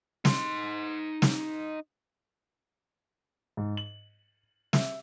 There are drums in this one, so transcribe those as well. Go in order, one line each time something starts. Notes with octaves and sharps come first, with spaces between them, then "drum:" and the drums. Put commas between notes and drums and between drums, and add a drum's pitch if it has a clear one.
D#4 C6, drum: snare
drum: snare
G#2
F#7
E5, drum: snare